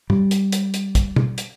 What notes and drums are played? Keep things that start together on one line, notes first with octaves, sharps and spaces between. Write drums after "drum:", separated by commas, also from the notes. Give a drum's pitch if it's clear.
G3, drum: tom
drum: hi-hat
drum: hi-hat
drum: hi-hat
drum: kick, hi-hat
drum: tom
drum: hi-hat